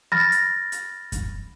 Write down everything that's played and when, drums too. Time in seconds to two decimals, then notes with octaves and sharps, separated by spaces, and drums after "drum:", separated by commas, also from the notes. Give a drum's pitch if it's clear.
0.12 B5 F6 A6 A#6
0.32 drum: hi-hat
0.72 drum: hi-hat
1.12 drum: kick F#2, hi-hat